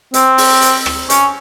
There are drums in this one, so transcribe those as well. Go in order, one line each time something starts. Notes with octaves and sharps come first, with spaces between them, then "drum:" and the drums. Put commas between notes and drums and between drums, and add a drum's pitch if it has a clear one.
C4, drum: hi-hat
drum: open hi-hat
drum: hi-hat
drum: rim click
C#4, drum: hi-hat